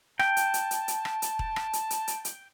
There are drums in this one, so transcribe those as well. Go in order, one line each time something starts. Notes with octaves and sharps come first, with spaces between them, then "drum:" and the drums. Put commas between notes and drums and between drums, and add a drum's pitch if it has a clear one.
G5 A5, drum: rim click
drum: hi-hat
drum: hi-hat
drum: hi-hat
drum: hi-hat
drum: rim click
drum: hi-hat
drum: kick E1
drum: rim click
drum: hi-hat
drum: hi-hat
drum: hi-hat
drum: hi-hat